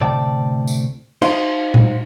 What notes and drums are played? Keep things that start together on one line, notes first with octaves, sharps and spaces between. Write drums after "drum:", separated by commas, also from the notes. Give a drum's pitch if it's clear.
D2 A2 C3 D5 G5 A5
drum: tambourine
D#4 F#4 C5 D#5 F5 C6, drum: cymbal
drum: tom A#2